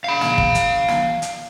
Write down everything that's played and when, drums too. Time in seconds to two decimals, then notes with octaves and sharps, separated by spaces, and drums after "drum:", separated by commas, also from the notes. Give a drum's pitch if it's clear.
0.04 F5 B5
0.21 drum: snare
0.38 drum: kick
0.55 drum: hi-hat
0.88 drum: snare
1.22 drum: hi-hat